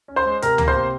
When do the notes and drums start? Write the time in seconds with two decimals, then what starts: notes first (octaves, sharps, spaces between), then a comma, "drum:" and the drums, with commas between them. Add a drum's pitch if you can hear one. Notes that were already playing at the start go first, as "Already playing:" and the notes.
0.08 C#4
0.16 C5 C6
0.25 G#3
0.42 C3 A#4 A#5, drum: hi-hat
0.58 A#3, drum: tom
0.68 C5 C6
0.75 C3